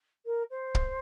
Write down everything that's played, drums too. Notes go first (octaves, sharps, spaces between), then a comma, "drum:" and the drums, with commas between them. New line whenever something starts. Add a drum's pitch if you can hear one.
A#4
C5
drum: kick